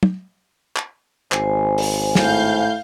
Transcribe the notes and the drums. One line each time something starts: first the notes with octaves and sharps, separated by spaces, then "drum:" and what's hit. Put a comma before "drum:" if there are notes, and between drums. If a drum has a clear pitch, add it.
drum: tom
drum: clap
G#1 C5 G#5, drum: clap
drum: open hi-hat
A2 F5 G6, drum: snare